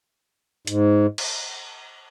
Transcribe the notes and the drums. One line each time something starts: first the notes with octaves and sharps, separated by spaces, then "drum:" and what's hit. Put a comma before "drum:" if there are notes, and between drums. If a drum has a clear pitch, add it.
G#2, drum: hi-hat
drum: cymbal